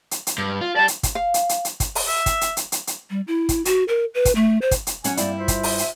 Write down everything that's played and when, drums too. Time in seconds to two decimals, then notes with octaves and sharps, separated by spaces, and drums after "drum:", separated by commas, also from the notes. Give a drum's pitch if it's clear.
0.11 drum: hi-hat
0.27 drum: hi-hat
0.38 G2
0.61 F4
0.76 D5 G5 A5
0.88 drum: hi-hat
1.03 drum: kick, hi-hat
1.15 F5
1.34 drum: hi-hat
1.49 drum: hi-hat
1.65 drum: hi-hat
1.80 drum: kick, hi-hat
1.95 drum: open hi-hat
2.08 E5
2.26 drum: kick, hi-hat
2.41 drum: hi-hat
2.57 drum: hi-hat
2.72 drum: hi-hat
2.87 drum: hi-hat
3.10 G3
3.27 E4
3.49 drum: kick, hi-hat
3.65 F#4, drum: hi-hat
3.88 A#4
4.14 B4
4.25 drum: kick, hi-hat
4.35 A3
4.62 C5
4.71 drum: kick, hi-hat
4.87 drum: hi-hat
5.04 F#3 C#4 F#5 G#5, drum: hi-hat
5.17 G2 A#3 C4 E4 D5, drum: hi-hat
5.38 F4 C5 E5
5.48 drum: kick, hi-hat
5.63 drum: open hi-hat
5.79 drum: hi-hat